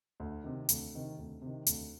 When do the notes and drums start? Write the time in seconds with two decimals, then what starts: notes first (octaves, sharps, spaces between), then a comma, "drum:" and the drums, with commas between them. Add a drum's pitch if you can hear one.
0.20 D2
0.44 C3 D#3
0.69 D2, drum: hi-hat
0.94 C3 D#3
1.18 D2
1.42 C3 D#3
1.66 D2, drum: hi-hat